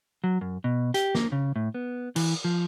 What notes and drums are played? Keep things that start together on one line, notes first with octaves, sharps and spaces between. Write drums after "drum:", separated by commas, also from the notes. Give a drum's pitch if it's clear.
F#3
F#2
B2
G4, drum: hi-hat
A#3, drum: snare
C#3
A2
B3
E3, drum: cymbal
F3